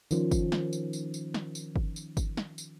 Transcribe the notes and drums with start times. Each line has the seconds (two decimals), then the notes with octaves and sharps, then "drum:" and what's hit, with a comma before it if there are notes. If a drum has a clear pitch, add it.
0.11 D#3 F3 C#4, drum: tambourine
0.31 drum: kick G1, tambourine
0.52 drum: snare
0.73 drum: tambourine
0.93 drum: tambourine
1.14 drum: tambourine
1.34 drum: snare
1.55 drum: tambourine
1.76 drum: kick G1
1.96 drum: tambourine
2.17 drum: kick G1, tambourine
2.37 drum: snare
2.58 drum: tambourine